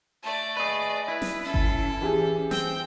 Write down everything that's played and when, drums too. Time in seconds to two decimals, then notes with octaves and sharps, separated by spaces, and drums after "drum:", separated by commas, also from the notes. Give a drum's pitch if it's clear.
0.23 A3 D5 A5
0.57 G#4 B4 D#5
1.08 E4 B4
1.22 drum: snare
1.45 C#4 A4
1.54 drum: kick G1
2.01 E3 G4 G#4
2.51 C4 G5, drum: snare